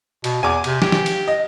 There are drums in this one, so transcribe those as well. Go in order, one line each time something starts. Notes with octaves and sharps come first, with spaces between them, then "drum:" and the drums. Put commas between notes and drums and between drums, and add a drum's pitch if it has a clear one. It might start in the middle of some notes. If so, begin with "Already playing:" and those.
B2, drum: cymbal
E2 G#5 D6
C3, drum: cymbal
G4, drum: snare
drum: snare
drum: cymbal
D#5